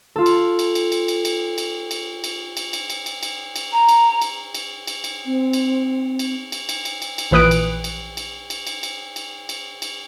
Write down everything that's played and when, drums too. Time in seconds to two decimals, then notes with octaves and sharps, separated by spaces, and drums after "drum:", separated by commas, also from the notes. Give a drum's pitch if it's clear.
0.16 F4 A4
0.26 drum: cymbal
0.59 drum: cymbal
0.75 drum: cymbal
0.92 drum: cymbal
1.08 drum: cymbal
1.25 drum: cymbal
1.58 drum: cymbal
1.91 drum: cymbal
2.24 drum: cymbal
2.57 drum: cymbal
2.73 drum: cymbal
2.90 drum: cymbal
3.06 drum: cymbal
3.23 drum: cymbal
3.56 drum: cymbal
3.72 A#5
3.89 drum: cymbal
4.22 drum: cymbal
4.55 drum: cymbal
4.87 drum: cymbal
5.04 drum: cymbal
5.26 C4
5.53 drum: cymbal
6.19 drum: cymbal
6.52 drum: cymbal
6.69 drum: cymbal
6.85 drum: cymbal
7.02 drum: cymbal
7.18 drum: cymbal
7.31 A#1 E3 B4 D#6 F#6 D7
7.51 drum: cymbal
7.84 drum: cymbal
8.17 drum: cymbal
8.50 drum: cymbal
8.67 drum: cymbal
8.83 drum: cymbal
9.16 drum: cymbal
9.49 drum: cymbal
9.82 drum: cymbal